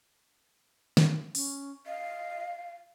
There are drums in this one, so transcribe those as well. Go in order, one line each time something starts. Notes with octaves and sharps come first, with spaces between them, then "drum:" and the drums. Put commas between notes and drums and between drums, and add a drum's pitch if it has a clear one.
drum: snare
C#4, drum: open hi-hat
D#5 F5